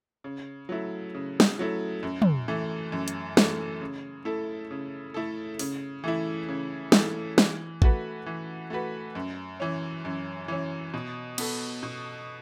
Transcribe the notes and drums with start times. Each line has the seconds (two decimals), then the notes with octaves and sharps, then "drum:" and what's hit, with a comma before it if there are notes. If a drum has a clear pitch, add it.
0.24 C#3
0.69 F#3 A3 E4
1.15 C#3
1.40 drum: snare
1.59 F#3 A3 E4
2.03 F#2
2.22 drum: tom
2.48 E3 A3
2.92 F#2
3.08 drum: hi-hat
3.37 E3 A3, drum: snare
3.81 C#3
4.25 A3 E4 A4
4.71 C#3
5.14 A3 E4 A4
5.59 C#3, drum: open hi-hat
6.04 E3 A3 E4
6.49 C#3
6.92 E3 A3 E4, drum: snare
7.38 E3, drum: snare
7.82 A3 F#4 B4, drum: kick
8.26 E3
8.70 A3 F#4 B4
9.15 F#2
9.60 E3 C#4
10.05 F#2
10.48 E3 C#4
10.94 B2
11.38 B3 A4, drum: cymbal
11.83 B2